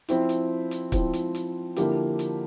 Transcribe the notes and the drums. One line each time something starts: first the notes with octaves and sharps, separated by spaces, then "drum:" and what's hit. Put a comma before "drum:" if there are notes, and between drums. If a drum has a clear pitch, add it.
F3 C4 E4, drum: hi-hat
drum: hi-hat
drum: hi-hat
F3 C4 E4, drum: kick, hi-hat
drum: hi-hat
drum: hi-hat
D3 F3 A#3 E4 G4, drum: hi-hat
drum: hi-hat